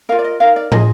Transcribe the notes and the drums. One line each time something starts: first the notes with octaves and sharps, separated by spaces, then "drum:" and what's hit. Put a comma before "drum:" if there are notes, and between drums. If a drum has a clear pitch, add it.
F4 A#4 F5
D5
D#5
D#4 A#4 F5
D5
F4 G#4 D#5, drum: tom